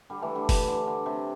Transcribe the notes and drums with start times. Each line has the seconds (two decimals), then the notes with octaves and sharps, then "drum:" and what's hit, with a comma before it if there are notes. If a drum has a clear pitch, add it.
0.10 D3 G3
0.22 E3 A3
0.35 D3 G3
0.49 E3, drum: kick F#1, open hi-hat
0.68 D3
0.87 D3
1.06 C3